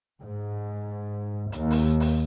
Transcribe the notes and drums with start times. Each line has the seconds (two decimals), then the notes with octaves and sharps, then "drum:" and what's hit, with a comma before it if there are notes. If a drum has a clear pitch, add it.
0.21 G#2
1.52 D#2, drum: hi-hat
1.71 drum: open hi-hat
2.00 drum: open hi-hat